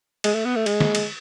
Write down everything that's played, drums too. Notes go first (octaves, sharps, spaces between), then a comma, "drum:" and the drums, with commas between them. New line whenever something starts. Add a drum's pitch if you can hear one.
G#3, drum: cymbal
A3
B3
A3
G#3, drum: cymbal
drum: snare
drum: cymbal